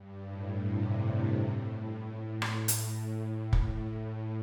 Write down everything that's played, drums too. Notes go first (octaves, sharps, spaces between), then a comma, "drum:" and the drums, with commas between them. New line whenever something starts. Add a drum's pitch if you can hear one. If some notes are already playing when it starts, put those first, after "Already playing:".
Already playing: G2
A2
C3
A2
drum: rim click
drum: hi-hat
A2, drum: kick